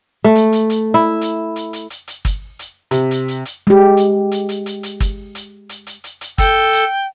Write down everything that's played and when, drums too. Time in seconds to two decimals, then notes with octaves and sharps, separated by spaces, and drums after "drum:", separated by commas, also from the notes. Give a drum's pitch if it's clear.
0.24 A3
0.35 drum: hi-hat
0.52 drum: hi-hat
0.70 drum: hi-hat
0.94 E4
1.21 drum: hi-hat
1.56 drum: hi-hat
1.73 drum: hi-hat
1.90 drum: hi-hat
2.08 drum: hi-hat
2.25 drum: kick G1, hi-hat
2.59 drum: hi-hat
2.91 C3, drum: hi-hat
3.11 drum: hi-hat
3.28 drum: hi-hat
3.45 drum: hi-hat
3.67 G#3 G4
3.97 drum: hi-hat
4.32 drum: hi-hat
4.49 drum: hi-hat
4.66 drum: hi-hat
4.83 drum: hi-hat
5.00 drum: kick G1, hi-hat
5.35 drum: hi-hat
5.69 drum: hi-hat
5.87 drum: hi-hat
6.04 drum: hi-hat
6.21 drum: hi-hat
6.38 A4 G5, drum: kick G1, hi-hat
6.73 drum: hi-hat